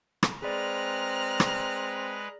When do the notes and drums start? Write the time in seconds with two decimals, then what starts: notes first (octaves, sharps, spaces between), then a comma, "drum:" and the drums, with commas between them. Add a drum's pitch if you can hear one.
0.23 drum: rim click
0.42 G#3 C4 G#4 B4 D5 A#5 F6 F#6
1.40 drum: rim click